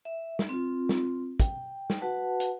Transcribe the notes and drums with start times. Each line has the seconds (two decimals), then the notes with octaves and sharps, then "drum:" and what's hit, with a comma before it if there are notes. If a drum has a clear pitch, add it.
0.05 E5
0.39 drum: snare
0.49 C4 F4
0.89 drum: snare
1.40 G5, drum: kick, hi-hat
1.90 drum: snare
2.01 F#4 B4 F#5 A5
2.40 drum: hi-hat